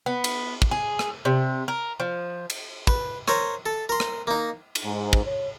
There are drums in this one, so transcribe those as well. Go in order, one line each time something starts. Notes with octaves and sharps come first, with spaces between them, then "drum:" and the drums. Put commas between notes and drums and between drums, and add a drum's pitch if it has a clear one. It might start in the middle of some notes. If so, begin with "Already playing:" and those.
B3
drum: cymbal
drum: kick
G#4
drum: rim click
C3
A#4
F3
drum: cymbal
B4, drum: kick
A#4 C5 C#5, drum: rim click
A4
A#4 C6
drum: rim click
A#3 D#4
drum: cymbal
G#2
drum: kick
C#5